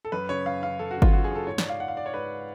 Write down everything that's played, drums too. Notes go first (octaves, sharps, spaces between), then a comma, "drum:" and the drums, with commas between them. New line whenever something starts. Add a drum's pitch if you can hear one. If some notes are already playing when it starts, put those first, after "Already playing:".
A4
F#2 B4
C#3 C#5
F#2 F5
C#3 F5
F#2 A4
F#4
C#3
F4, drum: kick G1
F#2 F#4
G#4
C#3
A4
G#2 C#5
D5, drum: snare
F5
G#2 F#5
F5
D5
C#5
G#2 B4